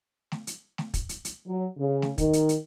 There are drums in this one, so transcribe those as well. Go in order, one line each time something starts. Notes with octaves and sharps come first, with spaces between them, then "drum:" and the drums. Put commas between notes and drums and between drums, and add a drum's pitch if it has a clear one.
drum: snare A3
drum: hi-hat
drum: snare A3
drum: kick, hi-hat
drum: hi-hat
drum: hi-hat
F#3
C#3
drum: snare A3
D#3, drum: kick, hi-hat
drum: hi-hat
drum: hi-hat